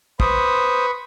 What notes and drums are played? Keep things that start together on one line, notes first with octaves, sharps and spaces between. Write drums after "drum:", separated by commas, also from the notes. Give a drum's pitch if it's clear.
B4 C5 B5 C#6 D#6, drum: kick